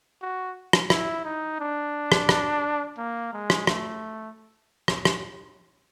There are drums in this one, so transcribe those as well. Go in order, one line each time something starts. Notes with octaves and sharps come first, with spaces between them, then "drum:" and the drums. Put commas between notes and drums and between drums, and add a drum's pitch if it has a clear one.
F#4
drum: rim click
E4, drum: rim click
D#4
D4
drum: rim click
drum: rim click
A#3
G#3
drum: rim click
A3, drum: rim click
drum: rim click
drum: rim click